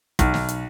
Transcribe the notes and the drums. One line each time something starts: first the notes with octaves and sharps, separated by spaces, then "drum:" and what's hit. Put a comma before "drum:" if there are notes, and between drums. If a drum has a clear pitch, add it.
B1, drum: kick, hi-hat
drum: snare
drum: hi-hat